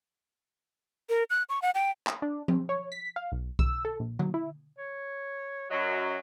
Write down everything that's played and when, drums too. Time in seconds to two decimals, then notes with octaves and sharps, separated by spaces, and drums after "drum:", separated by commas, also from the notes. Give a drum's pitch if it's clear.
1.10 A#4
1.30 F#6
1.49 C#6
1.62 F#5
1.75 G5
2.07 drum: clap
2.22 D4
2.48 C4, drum: tom F3
2.69 C#5
2.92 B6
3.16 F5
3.32 B1
3.59 E6, drum: kick B1
3.85 A4
4.00 A#1
4.19 F#3, drum: tom D3
4.34 E4
4.78 C#5
5.71 F#2 F#3 D#5